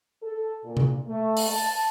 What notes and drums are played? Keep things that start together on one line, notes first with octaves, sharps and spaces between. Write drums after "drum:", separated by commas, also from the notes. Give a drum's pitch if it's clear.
A4
A#2
drum: tom C3
A3
drum: open hi-hat
A5